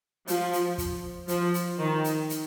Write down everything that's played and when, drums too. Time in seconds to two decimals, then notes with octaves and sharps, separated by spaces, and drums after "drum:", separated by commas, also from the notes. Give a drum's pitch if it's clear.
0.28 F3, drum: hi-hat
0.53 drum: hi-hat
0.78 drum: kick, hi-hat
1.28 F3, drum: hi-hat
1.54 drum: hi-hat
1.79 D#3
2.04 drum: hi-hat
2.29 drum: hi-hat